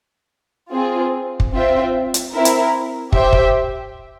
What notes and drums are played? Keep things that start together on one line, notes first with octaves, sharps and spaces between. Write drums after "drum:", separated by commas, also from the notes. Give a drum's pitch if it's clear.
C4 F4 G#4
drum: kick
C4 F4 C5 E5 G5
drum: hi-hat
C4 E4 A#4
drum: hi-hat
G4 C5 E5 G5, drum: kick
drum: kick